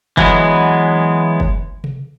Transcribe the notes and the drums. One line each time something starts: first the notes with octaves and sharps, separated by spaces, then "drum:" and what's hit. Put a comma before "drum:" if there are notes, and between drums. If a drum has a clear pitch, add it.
E3 F#3 G#3 B3, drum: kick F#1
drum: kick F#1
drum: tom C3